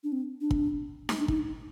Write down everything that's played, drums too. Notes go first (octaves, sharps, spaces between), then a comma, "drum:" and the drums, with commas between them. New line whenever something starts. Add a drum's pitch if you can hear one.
D4
C4
D4
drum: kick
drum: snare D#4
D4
D#4, drum: kick